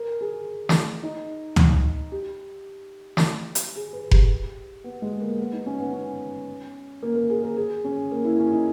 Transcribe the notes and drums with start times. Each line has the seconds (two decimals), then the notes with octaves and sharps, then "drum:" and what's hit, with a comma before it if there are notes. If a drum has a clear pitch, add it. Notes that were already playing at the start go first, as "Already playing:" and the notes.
Already playing: A#4
0.21 G#4
0.69 drum: snare
1.03 D#4
1.56 drum: tom D2
2.12 G4
3.17 drum: snare
3.55 drum: hi-hat
3.76 G#4
3.93 B4
4.11 G4, drum: kick F1
4.84 B3
5.02 G#3
5.21 A#3
5.38 B3
5.53 D#4
5.66 C#4
5.80 B3
5.93 C#4
7.03 A#3
7.16 A#3
7.30 G#4
7.43 A#4
7.57 G#4
7.84 C#4
8.11 A#3
8.25 E4
8.39 C#4
8.53 D#4